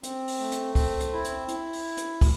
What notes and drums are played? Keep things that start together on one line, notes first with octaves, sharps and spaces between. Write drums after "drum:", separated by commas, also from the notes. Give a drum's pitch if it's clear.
C4, drum: hi-hat
drum: open hi-hat
A3
drum: hi-hat
C4, drum: kick, open hi-hat
drum: hi-hat
E4
drum: hi-hat
E4, drum: hi-hat
drum: open hi-hat
drum: hi-hat
drum: kick, open hi-hat